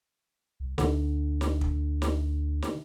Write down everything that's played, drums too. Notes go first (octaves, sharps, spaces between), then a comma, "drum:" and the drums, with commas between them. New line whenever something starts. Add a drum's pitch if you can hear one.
C2
D2 D3, drum: snare
drum: snare
drum: kick
drum: snare
drum: snare